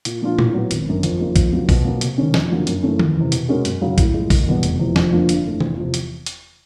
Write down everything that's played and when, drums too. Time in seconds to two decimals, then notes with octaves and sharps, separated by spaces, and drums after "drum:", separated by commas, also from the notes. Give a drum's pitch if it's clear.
0.05 A#2, drum: hi-hat
0.22 F3 A#3 D4 F4
0.39 A2, drum: tom A#2
0.54 F#3 B3
0.71 G#1, drum: hi-hat
0.87 F#2 D3
1.03 F2, drum: hi-hat
1.20 C#3 F3 A#3 D#4
1.36 F2, drum: kick A#1, hi-hat
1.53 C#3 F#3 A#3
1.69 B2, drum: kick A#1, open hi-hat
1.85 F#3 A#3
2.01 C3, drum: hi-hat
2.18 D#3 G#3 C#4
2.34 F2, drum: snare
2.50 D3 F#3 A#3
2.67 F#2, drum: hi-hat
2.83 C#3 E3 A3 C#4
2.99 E2, drum: tom D#3
3.16 C3 E3
3.32 B2, drum: hi-hat
3.49 G#3 C#4 F#4 A#4
3.65 F#2, drum: hi-hat
3.81 C#3 F#3
3.98 A2, drum: kick A#1, hi-hat
4.14 F3 G#3
4.30 F#1, drum: kick A#1, open hi-hat
4.47 E2 B2 G3 B3
4.63 F1, drum: hi-hat
4.79 F2 C3 E3
4.96 F2, drum: snare
5.12 D3 F3 A#3 D4
5.29 G2, drum: hi-hat
5.45 E3 A3
5.60 E2, drum: tom C3
5.77 C3 F3
5.94 drum: hi-hat
6.26 drum: hi-hat